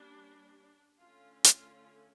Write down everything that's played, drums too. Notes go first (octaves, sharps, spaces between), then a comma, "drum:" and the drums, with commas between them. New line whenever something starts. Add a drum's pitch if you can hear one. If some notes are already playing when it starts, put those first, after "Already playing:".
Already playing: G3 A#3 C#4 D4
D3 A3 C#4 F4
F4, drum: hi-hat